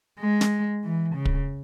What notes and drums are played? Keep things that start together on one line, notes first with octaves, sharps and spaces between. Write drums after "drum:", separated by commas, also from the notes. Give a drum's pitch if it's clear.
G#3
drum: snare
E3
C#3
drum: kick